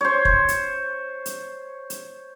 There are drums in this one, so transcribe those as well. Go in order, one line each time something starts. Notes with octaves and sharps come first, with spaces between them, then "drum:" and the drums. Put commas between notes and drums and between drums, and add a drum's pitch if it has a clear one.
C5 C#5
drum: kick
drum: hi-hat
drum: hi-hat
drum: hi-hat